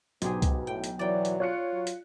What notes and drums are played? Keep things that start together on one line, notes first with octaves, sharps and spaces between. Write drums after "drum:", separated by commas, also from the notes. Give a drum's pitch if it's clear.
B1 G#2 B3 G4 G#4, drum: hi-hat
drum: kick C2, hi-hat
A2 G5
drum: hi-hat
E3 F#3 D5 G5
drum: hi-hat
F4 C#5 F#6 C#7
F#3
drum: hi-hat